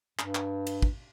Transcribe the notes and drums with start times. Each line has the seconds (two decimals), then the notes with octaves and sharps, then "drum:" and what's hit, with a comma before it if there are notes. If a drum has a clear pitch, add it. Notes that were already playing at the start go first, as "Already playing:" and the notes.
0.19 G2, drum: clap
0.35 drum: clap
0.67 drum: cymbal
0.82 drum: kick